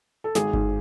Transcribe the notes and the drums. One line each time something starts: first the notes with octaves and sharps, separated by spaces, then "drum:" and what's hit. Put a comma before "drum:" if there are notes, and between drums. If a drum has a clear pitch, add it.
A4
G#1 G#4, drum: snare
G#2, drum: kick G1